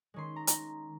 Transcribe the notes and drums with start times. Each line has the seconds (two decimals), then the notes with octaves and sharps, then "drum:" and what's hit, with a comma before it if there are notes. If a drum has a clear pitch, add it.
0.14 D#3 G#3 C#4 C6
0.36 A#5
0.47 A#5, drum: hi-hat